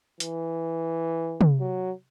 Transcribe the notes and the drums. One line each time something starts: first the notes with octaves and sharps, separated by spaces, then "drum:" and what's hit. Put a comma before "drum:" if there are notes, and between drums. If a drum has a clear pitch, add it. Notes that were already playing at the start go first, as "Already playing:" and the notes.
E3, drum: hi-hat
drum: tom
F#3